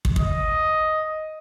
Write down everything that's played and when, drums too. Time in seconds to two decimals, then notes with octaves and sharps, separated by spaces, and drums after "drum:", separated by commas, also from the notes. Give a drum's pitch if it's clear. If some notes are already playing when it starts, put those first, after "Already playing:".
0.05 drum: kick
0.16 D#5, drum: kick